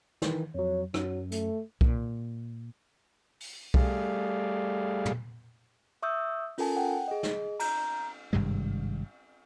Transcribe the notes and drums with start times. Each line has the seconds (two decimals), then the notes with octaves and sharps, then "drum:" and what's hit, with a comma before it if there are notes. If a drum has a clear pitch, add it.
0.22 D#3 E3, drum: snare
0.55 F2 F#3 C#5
0.94 F#2 F#3, drum: rim click
1.31 A3, drum: hi-hat
1.81 A#2, drum: kick B1
3.40 drum: open hi-hat
3.74 G3 A3 G#4 D5 F5, drum: kick B1
5.05 drum: tom
6.02 E5 C#6 D#6 E6 G6
6.58 C#4 F4 A4 A#4 G#5 A5, drum: open hi-hat
6.77 F#5 G5
7.08 G#4 D#5
7.23 drum: snare
7.60 A#5 G6, drum: cymbal
8.33 G#1 G2 C3 G#3